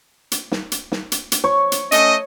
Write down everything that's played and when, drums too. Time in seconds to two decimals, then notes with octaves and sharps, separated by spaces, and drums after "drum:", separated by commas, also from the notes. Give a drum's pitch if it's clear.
0.32 drum: hi-hat
0.52 drum: snare
0.72 drum: hi-hat
0.92 drum: snare
1.12 drum: hi-hat
1.32 drum: hi-hat
1.44 C#5
1.72 drum: hi-hat
1.92 A3 C#4 D#5, drum: hi-hat